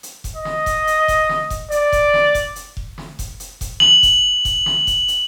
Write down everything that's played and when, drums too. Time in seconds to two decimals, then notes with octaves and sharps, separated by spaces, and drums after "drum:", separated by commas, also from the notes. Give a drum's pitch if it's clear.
0.03 drum: hi-hat
0.24 drum: kick F1, hi-hat
0.36 D#5
0.45 drum: snare
0.66 drum: kick F1, hi-hat
0.87 drum: hi-hat
1.08 drum: kick F1, hi-hat
1.29 drum: snare
1.50 drum: kick F1, hi-hat
1.71 D5, drum: hi-hat
1.92 drum: kick F1, hi-hat
2.14 drum: snare
2.35 drum: kick F1, hi-hat
2.56 drum: hi-hat
2.77 drum: kick F1
2.98 drum: snare
3.19 drum: kick F1, hi-hat
3.40 drum: hi-hat
3.61 drum: kick F1, hi-hat
3.80 F#7, drum: snare
4.03 drum: kick F1, hi-hat
4.45 drum: kick F1, hi-hat
4.66 drum: snare
4.87 drum: kick F1, hi-hat
5.08 drum: hi-hat